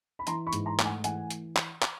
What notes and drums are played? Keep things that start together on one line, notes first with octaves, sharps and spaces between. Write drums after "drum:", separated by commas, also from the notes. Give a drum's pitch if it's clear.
B5
E3 A#5 C6, drum: hi-hat
B5 C#6
G#2, drum: hi-hat
A#5 C6
A3, drum: clap
F#5 G#5
E3 F#5 G#5, drum: hi-hat
drum: hi-hat
drum: clap
drum: clap